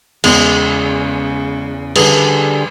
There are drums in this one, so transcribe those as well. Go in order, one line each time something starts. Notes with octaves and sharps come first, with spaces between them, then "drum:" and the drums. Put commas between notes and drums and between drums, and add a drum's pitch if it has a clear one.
E2 C#3 G#3, drum: cymbal
D3 G3 G#4 B4 D#6, drum: cymbal